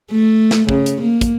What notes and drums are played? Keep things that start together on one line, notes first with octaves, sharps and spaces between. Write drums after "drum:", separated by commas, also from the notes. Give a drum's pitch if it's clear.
A3
drum: snare
C#3, drum: kick
drum: hi-hat
A#3
drum: kick, hi-hat